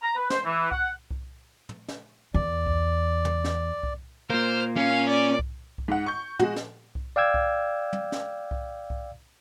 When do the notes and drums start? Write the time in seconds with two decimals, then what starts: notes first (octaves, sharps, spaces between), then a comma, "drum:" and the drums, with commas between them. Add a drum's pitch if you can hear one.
0.02 A#5
0.15 B4
0.30 C5, drum: snare
0.45 E3
0.72 F#5, drum: kick C2
1.11 drum: kick C2
1.69 drum: tom
1.88 drum: snare
2.34 E2 D5
2.66 drum: kick C2
3.25 drum: tom
3.44 drum: snare
3.83 drum: kick C2
4.30 A#2 A#3 C5 F6
4.77 C#4 F5
5.08 D5
5.39 drum: kick C2
5.78 drum: kick C2
5.88 G#2 F#5
6.06 C#6 G6
6.39 G#3 F#4, drum: tom
6.56 drum: snare
6.95 drum: kick C2
7.16 D5 F5 G5 E6 G#6
7.34 drum: kick C2
7.93 drum: tom
8.12 drum: snare
8.51 drum: kick C2
8.90 drum: kick C2